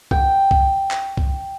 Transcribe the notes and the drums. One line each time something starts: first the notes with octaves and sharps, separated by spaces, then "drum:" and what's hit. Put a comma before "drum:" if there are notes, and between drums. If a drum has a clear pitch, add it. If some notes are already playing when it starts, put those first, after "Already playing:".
G5, drum: kick C2
drum: kick C2
drum: clap
drum: kick C2